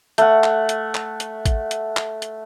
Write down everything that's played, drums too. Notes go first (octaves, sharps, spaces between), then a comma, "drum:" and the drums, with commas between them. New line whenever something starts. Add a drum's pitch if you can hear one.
A3 F#5, drum: hi-hat
drum: clap
drum: hi-hat
drum: clap
drum: hi-hat
drum: kick A1, hi-hat
drum: hi-hat
drum: clap
drum: hi-hat